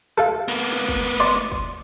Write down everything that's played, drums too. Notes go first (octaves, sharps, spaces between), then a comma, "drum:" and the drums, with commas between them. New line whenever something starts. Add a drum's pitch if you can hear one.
A4 F5
A#3 B3
drum: snare
drum: kick F#1
D5 C6
drum: snare
drum: kick F#1